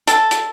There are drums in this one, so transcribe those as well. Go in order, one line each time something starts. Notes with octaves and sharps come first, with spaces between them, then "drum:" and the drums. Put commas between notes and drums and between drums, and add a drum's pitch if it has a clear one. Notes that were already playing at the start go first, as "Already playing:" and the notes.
A4, drum: hi-hat
drum: hi-hat